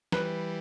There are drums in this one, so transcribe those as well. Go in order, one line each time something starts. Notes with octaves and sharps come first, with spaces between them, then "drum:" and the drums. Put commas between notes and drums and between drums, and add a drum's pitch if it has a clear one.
E3 G3 B4, drum: snare